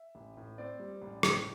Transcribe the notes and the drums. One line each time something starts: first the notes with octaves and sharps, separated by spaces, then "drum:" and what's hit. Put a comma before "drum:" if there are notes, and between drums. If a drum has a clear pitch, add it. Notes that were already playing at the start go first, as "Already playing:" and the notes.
Already playing: E5
A1
A2
C4 D5
G3
A1
A2, drum: rim click